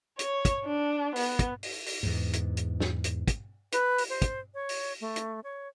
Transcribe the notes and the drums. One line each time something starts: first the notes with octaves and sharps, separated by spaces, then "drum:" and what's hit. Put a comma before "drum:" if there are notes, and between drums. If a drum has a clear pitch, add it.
C#5, drum: hi-hat
drum: kick, hi-hat
D4
B3, drum: open hi-hat
drum: kick, hi-hat
drum: open hi-hat
drum: open hi-hat
E2 G#2
drum: hi-hat
drum: hi-hat
drum: snare
drum: hi-hat
drum: kick, hi-hat
B4, drum: hi-hat
drum: open hi-hat
C5
drum: kick, hi-hat
C#5
drum: open hi-hat
A3
drum: hi-hat
C#5